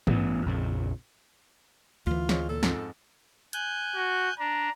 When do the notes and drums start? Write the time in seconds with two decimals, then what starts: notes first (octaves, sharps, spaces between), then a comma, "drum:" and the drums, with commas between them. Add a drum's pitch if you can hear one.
0.07 A1 E3 B3, drum: tom
0.46 A#1 F2 C#3
2.07 D2 E3 F4
2.29 G#3 C4 C#5, drum: snare
2.49 A#2 A4
2.63 F2 G#2 F3, drum: snare
3.53 G#5 F#6 G6, drum: hi-hat
3.95 F#4
4.39 D4 A#5